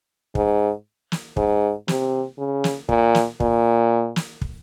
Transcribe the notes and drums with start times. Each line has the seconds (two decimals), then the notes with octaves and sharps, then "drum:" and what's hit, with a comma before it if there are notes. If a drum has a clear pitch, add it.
0.35 G#2, drum: kick
1.12 drum: snare
1.37 G#2, drum: kick
1.88 C3, drum: snare
2.38 C#3
2.64 drum: snare
2.89 A#2, drum: kick
3.15 drum: snare
3.40 A#2, drum: kick
4.16 drum: snare
4.41 drum: kick